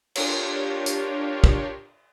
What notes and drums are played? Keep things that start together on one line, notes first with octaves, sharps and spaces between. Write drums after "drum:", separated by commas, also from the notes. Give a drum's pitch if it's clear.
D4 F4 G4 A#4 C#5, drum: cymbal
drum: hi-hat
drum: kick